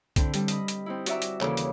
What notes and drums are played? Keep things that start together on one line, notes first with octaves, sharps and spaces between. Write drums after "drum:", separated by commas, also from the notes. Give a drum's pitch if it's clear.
D3 C4 E4, drum: kick B1, hi-hat
G3, drum: hi-hat
D#5 B5, drum: hi-hat
drum: hi-hat
C4 D#4 E4
F#4 D5 E5 A#5, drum: hi-hat
drum: hi-hat
D#2 C#3 E3 A4 D5, drum: clap
drum: hi-hat